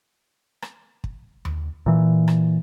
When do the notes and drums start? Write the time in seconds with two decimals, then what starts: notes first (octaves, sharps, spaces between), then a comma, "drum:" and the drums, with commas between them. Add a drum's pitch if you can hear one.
0.62 drum: rim click
1.04 drum: kick
1.45 drum: tom D#2
1.86 A#2 E3
2.28 drum: rim click